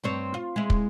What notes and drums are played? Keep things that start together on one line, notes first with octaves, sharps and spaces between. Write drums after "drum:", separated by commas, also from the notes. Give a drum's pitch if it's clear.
G2 C4 C#5
F4
G#3 E4
drum: kick